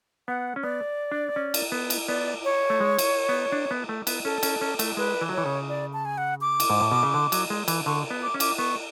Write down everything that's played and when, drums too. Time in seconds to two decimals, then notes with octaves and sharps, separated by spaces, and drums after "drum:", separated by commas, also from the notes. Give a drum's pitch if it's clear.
0.28 B3 F#5
0.56 C#4
0.63 B3 D5
1.12 D4
1.36 C#4
1.54 drum: cymbal
1.72 B3
1.90 drum: cymbal
2.08 B3 D5
2.44 C#5
2.70 A3
2.80 G#3
2.99 drum: cymbal
3.29 B3
3.52 D4
3.71 B3
3.89 A3
4.07 B3, drum: cymbal
4.25 C#4 A4
4.43 C#4, drum: cymbal
4.61 C#4
4.79 A3, drum: cymbal
4.97 G#3 B4
5.21 E3
5.29 F#3
5.33 E3 C#5
5.46 C#3
5.69 D5
5.93 A5
6.05 G#5
6.18 F#5
6.41 D6
6.60 drum: cymbal
6.70 G#2
6.81 A2
6.92 B2
7.03 C#3
7.14 D3
7.32 F#3, drum: cymbal
7.50 G#3
7.68 E3, drum: cymbal
7.86 D3 C#6
8.10 B3
8.22 D6
8.34 C#4
8.40 D6, drum: cymbal
8.58 B3 C#6